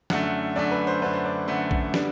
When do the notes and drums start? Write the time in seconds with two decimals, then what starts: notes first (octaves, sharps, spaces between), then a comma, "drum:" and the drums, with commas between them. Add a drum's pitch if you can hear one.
0.10 F#2 D3 A3 F#5, drum: snare
0.56 F#2 D3 A3 D5
0.71 B4
0.87 C5
1.02 F#2 D3 A3 B4
1.13 C5
1.25 D5
1.48 F#2 D3 A3 F#5
1.71 drum: kick
1.94 D3 G3 B3 D4, drum: snare